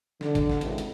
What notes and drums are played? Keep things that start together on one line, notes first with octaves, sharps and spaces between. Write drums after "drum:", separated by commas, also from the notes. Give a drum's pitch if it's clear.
D3, drum: snare
drum: kick, hi-hat
drum: snare
C#2 C3 D#3 G#3 A3 B4, drum: hi-hat
drum: hi-hat